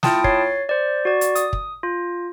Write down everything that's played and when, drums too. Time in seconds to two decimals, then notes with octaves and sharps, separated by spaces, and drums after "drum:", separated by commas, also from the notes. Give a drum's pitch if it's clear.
0.03 E4 F4 G5 A5 D#6, drum: snare
0.24 C#5 A6 C7, drum: kick
0.69 C5 D5
1.05 F#4 D5
1.21 drum: hi-hat
1.35 D#6, drum: hi-hat
1.53 drum: kick
1.83 F4